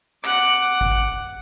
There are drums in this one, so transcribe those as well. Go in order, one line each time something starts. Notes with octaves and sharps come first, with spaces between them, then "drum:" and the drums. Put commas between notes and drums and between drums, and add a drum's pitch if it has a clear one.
F#5 D6, drum: clap
drum: kick G#1